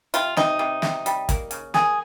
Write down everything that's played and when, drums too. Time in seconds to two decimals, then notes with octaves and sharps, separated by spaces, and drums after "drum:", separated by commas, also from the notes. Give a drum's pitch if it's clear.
0.14 C3 F4, drum: hi-hat
0.37 C3 D#4, drum: snare
0.59 C3
0.82 C3, drum: snare
1.06 G3, drum: hi-hat
1.29 A#3, drum: kick, hi-hat
1.51 C#3, drum: hi-hat
1.74 A#3 G#4, drum: snare